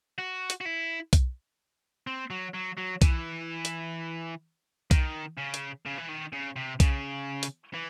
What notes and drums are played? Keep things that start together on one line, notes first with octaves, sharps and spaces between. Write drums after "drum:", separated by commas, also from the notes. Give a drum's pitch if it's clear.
F#4
drum: hi-hat
F#4
E4
drum: kick B1, hi-hat
C4
F#3
F#3
F#3
E3, drum: kick B1, hi-hat
drum: hi-hat
D#3, drum: kick B1, hi-hat
C#3
drum: hi-hat
C#3
E3
D#3
C#3
C3
C#3, drum: kick B1, hi-hat
drum: hi-hat
E3